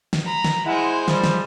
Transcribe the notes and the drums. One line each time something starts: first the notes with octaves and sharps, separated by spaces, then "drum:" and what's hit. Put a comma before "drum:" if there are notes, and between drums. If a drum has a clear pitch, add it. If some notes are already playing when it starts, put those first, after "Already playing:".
drum: snare
A#5 B5
drum: snare
G#3 E4 C5 F#5
F3 G3, drum: snare
drum: snare